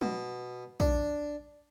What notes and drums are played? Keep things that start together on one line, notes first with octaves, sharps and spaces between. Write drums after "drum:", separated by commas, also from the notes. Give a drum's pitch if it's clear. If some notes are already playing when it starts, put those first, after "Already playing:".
B2, drum: tom
D4, drum: kick